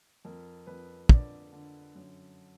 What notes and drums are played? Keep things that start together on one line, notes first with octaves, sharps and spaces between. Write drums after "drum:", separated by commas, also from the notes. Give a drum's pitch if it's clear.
F2 A#4
F2 B4
D3 D5, drum: kick
D3
F#2